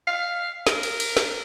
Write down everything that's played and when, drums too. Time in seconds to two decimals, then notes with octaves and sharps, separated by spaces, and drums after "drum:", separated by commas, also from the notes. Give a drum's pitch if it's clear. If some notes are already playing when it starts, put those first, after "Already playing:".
0.07 F5
0.67 A#4, drum: snare
0.83 drum: cymbal
1.00 drum: cymbal
1.17 drum: snare